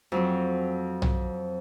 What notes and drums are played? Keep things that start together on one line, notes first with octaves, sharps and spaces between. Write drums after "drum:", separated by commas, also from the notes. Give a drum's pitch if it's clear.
F2 F#3 C4
drum: tom B1